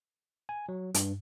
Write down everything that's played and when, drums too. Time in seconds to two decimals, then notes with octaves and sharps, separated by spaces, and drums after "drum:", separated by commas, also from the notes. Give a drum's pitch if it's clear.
0.49 G#5
0.69 F#3
0.94 G2, drum: hi-hat